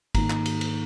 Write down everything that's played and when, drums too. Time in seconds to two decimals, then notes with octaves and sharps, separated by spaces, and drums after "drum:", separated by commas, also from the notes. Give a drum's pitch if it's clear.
0.15 G#2 D#3 A#3 D#4 A#5, drum: kick G1, cymbal
0.30 drum: clap
0.46 drum: cymbal
0.61 drum: cymbal